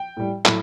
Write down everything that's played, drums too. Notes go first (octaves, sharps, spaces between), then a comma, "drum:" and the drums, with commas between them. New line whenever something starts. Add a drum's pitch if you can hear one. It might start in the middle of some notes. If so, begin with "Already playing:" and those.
Already playing: G5
A2 G3
A2 F#3 A3 B5, drum: clap